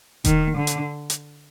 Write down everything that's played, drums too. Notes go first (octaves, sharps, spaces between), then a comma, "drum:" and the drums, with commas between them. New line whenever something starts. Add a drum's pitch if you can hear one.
D#3, drum: kick E1, hi-hat
D3
drum: hi-hat
drum: hi-hat